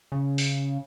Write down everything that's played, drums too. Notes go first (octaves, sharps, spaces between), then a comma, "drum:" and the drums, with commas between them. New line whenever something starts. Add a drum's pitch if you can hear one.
C#3
drum: open hi-hat